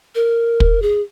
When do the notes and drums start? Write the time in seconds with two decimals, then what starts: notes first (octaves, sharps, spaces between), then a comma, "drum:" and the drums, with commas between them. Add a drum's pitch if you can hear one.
0.15 A#4
0.60 drum: kick
0.82 G#4